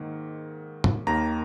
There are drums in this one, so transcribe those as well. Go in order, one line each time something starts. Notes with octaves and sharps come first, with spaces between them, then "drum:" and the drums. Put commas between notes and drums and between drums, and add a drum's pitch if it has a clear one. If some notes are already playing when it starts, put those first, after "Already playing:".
Already playing: G#2 D#3 A#3
drum: tom
D#2 D#3 A#3 A#5